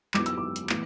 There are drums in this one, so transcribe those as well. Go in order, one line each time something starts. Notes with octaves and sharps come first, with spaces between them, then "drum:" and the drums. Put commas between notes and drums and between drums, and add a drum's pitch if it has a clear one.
F#2 F#3 B3 E4 D6, drum: clap
E6, drum: hi-hat
D6
drum: hi-hat
A2 E3 B3 E4, drum: clap